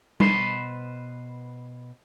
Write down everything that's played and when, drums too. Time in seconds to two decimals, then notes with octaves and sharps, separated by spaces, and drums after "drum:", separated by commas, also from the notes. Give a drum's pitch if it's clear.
0.20 B2 B4 C5 B5, drum: tom G3